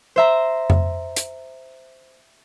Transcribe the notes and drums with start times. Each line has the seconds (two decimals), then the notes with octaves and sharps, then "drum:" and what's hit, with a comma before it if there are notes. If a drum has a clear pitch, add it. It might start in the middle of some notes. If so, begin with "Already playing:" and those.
0.16 C5 E5 A#5
0.70 drum: tom F2
1.16 drum: hi-hat